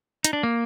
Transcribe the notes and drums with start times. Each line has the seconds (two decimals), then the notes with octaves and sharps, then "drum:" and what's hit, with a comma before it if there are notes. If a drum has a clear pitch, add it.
0.24 D#4, drum: hi-hat
0.33 D4
0.43 A#3